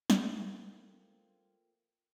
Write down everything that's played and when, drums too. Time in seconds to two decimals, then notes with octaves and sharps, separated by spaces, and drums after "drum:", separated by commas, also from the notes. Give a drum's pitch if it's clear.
0.10 F3 A3 A#3 C4, drum: snare